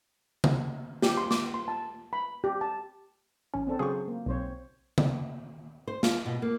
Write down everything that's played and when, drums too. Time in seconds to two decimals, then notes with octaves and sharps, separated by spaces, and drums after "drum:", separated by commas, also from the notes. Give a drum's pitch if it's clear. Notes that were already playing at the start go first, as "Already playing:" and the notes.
0.44 drum: tom C#3
1.02 G4, drum: snare
1.17 C6
1.31 D6, drum: snare
1.54 C6
1.68 A5
2.13 B5
2.44 G4
2.61 A5
3.54 A1 C#4
3.67 C4 D4 A4
3.79 C#3 F#3 G#4 C5 C#6
4.08 A#3
4.26 B1 C4 C5 C#5
4.98 drum: tom C#3
5.88 C5
6.03 F5, drum: snare
6.26 B2
6.42 A#3